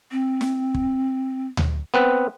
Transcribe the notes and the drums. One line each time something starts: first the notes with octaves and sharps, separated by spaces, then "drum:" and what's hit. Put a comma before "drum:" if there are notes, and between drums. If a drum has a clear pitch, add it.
C4
drum: snare
drum: kick
drum: tom D2
B3 C4 B4